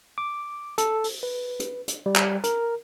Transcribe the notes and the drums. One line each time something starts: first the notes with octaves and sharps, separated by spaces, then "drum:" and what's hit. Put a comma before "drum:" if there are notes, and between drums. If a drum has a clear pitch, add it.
D6
A4, drum: hi-hat
drum: open hi-hat
B4
drum: hi-hat
drum: hi-hat
G3
drum: clap
A#4, drum: hi-hat